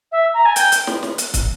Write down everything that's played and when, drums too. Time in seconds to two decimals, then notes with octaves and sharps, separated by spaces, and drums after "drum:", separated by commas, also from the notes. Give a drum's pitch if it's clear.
0.12 E5
0.34 A#5
0.45 G#5
0.56 G5, drum: hi-hat
0.72 drum: hi-hat
0.87 drum: snare
1.03 drum: snare
1.18 drum: hi-hat
1.34 drum: kick, hi-hat